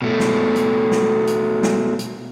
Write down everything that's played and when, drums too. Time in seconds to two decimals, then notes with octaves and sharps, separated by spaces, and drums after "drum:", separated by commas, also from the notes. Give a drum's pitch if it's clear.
0.02 B2 A3
0.20 drum: snare
0.56 drum: hi-hat
0.91 drum: snare
1.27 drum: hi-hat
1.63 drum: snare
1.99 drum: hi-hat